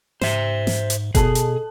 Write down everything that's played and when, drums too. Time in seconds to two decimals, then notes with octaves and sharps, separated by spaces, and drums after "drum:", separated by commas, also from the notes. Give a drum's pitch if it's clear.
0.21 G#2 C5 E5, drum: snare
0.67 drum: snare
0.90 drum: hi-hat
1.15 B2 G#4 A4 A5, drum: kick F#1, hi-hat
1.35 drum: hi-hat